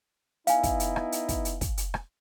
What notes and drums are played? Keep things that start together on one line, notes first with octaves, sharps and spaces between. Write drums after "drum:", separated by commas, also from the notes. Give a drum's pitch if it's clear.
B3 D#4 E4 F5 G#5, drum: hi-hat
drum: kick, hi-hat
drum: hi-hat
drum: rim click
drum: hi-hat
drum: kick, hi-hat
drum: hi-hat
drum: kick, hi-hat
drum: hi-hat
drum: rim click